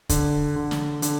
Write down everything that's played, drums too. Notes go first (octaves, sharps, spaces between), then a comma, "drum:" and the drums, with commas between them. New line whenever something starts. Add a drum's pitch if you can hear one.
D3, drum: kick, hi-hat
D3
drum: snare
D3, drum: hi-hat